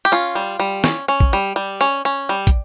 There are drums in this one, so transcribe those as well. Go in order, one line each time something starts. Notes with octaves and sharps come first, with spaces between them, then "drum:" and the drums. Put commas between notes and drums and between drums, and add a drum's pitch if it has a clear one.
G4
C#4 F4
G3
G3
C#4, drum: snare
C#4
drum: kick
G3
G3
C#4
C#4
G3
drum: kick, hi-hat